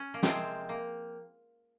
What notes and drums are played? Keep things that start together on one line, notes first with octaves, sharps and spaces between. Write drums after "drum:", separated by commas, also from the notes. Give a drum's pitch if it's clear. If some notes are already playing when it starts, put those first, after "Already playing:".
Already playing: C#4
A#3
C3 F3 G#3 C4, drum: snare
A#3